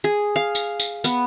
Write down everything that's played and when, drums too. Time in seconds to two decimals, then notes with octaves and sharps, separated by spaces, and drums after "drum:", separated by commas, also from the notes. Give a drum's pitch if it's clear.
0.04 G#4
0.36 F5
0.55 drum: tambourine
0.80 drum: tambourine
1.04 B3, drum: tambourine